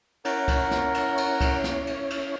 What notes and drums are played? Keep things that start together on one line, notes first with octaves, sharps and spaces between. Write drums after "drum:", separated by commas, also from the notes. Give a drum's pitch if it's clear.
C#4 E4 A#4 C#5 F#5, drum: cymbal
drum: kick C#2, cymbal
drum: snare
drum: cymbal
drum: cymbal
drum: kick C#2, cymbal
drum: snare
drum: cymbal
drum: cymbal